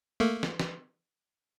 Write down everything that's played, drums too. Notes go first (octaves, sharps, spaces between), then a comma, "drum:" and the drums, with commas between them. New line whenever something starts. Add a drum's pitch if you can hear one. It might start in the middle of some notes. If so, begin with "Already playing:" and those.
A3 A#3
drum: snare
drum: snare